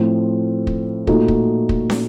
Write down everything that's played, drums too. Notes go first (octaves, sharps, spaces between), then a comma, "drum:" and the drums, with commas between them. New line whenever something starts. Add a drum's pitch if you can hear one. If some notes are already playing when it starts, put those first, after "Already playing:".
Already playing: A2 F3 C4 F4
drum: kick
A#2 A3 D#4 F#4 A4, drum: kick
drum: kick
drum: kick
drum: snare